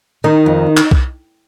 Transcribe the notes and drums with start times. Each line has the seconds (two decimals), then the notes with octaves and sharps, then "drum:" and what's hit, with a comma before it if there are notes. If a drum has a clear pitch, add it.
0.24 D#3 D#4
0.46 F2
0.77 drum: clap
0.91 drum: kick B1